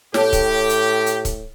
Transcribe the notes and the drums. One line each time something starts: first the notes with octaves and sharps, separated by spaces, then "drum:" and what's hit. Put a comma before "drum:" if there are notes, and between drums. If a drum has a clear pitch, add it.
A2 G4 A4 C#5 A5, drum: snare
drum: kick, hi-hat
drum: hi-hat
drum: hi-hat
drum: kick, hi-hat